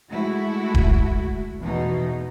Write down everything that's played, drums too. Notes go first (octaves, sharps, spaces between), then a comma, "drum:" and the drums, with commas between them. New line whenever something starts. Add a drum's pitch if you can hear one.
G#3 A3 E4 F#4
drum: kick D#1
E2 B2 E3 D#4